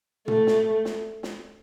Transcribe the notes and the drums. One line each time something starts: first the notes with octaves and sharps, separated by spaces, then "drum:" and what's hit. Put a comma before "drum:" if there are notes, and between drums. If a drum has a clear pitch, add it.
A3, drum: tom
drum: snare
drum: snare
drum: snare